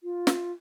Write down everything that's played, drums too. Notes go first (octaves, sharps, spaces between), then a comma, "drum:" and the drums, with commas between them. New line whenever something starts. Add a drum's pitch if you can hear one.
F4
drum: snare